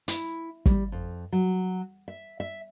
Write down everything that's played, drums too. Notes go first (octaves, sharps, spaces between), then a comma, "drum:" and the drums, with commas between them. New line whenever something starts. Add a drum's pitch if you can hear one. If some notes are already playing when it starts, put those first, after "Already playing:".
E4, drum: hi-hat
G3, drum: kick
F2
F#3
E5
E5